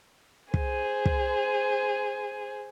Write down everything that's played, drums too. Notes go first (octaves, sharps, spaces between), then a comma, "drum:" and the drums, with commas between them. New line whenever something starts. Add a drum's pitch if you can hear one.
G#4 C5, drum: kick
drum: kick